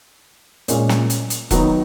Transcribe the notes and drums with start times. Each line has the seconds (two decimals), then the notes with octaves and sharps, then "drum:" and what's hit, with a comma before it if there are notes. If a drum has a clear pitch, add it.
0.68 A#2 G#3 C#4 F4, drum: hi-hat
0.89 drum: snare
1.10 drum: hi-hat
1.30 drum: hi-hat
1.51 D#3 F#3 B3 D#4, drum: kick E1, hi-hat